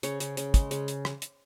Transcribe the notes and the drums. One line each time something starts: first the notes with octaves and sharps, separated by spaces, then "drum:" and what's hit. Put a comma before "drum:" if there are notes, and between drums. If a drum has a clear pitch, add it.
C#3 C#5, drum: hi-hat
C#3, drum: hi-hat
C#3, drum: hi-hat
G#3, drum: kick, hi-hat
C#3, drum: hi-hat
drum: hi-hat
drum: rim click
drum: hi-hat